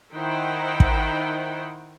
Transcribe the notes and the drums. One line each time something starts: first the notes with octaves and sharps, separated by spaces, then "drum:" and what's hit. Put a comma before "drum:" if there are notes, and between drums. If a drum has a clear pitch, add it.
D#3 D#4 E4 C5 F#5 G5
drum: kick